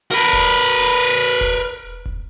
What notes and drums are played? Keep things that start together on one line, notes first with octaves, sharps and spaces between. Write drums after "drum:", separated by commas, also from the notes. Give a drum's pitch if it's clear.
A#4 B4
drum: kick E1
drum: kick E1
drum: kick E1